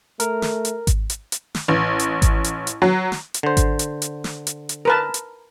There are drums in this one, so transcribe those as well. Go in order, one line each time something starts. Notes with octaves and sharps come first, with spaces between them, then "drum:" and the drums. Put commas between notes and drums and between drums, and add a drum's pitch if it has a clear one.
A3 A#4, drum: hi-hat
drum: snare
drum: hi-hat
drum: kick G#1, hi-hat
drum: hi-hat
drum: hi-hat
drum: snare
A1
drum: hi-hat
drum: kick G#1, hi-hat
drum: hi-hat
drum: hi-hat
F#3
drum: snare
drum: hi-hat
D3 C5
drum: kick G#1, hi-hat
drum: hi-hat
drum: hi-hat
drum: snare
drum: hi-hat
drum: hi-hat
A#4 B4 A5
drum: hi-hat